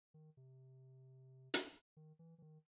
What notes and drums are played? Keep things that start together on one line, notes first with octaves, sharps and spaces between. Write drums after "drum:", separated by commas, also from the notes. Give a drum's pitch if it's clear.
D#3
C3
drum: hi-hat
D#3
E3
E3
D#3